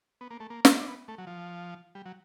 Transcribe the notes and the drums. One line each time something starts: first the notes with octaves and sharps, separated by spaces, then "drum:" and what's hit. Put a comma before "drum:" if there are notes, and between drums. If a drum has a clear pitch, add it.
B3
A#3
A3
A#3
C4, drum: snare
D4
B3
A3
F#3
F3
G3
F#3